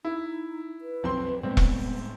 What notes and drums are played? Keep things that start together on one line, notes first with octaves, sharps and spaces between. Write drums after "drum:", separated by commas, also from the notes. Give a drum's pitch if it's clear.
D#4 E4
B4
B1 F2 F3 C4 C6
A2 G3 G#3 B3 C4
drum: kick E1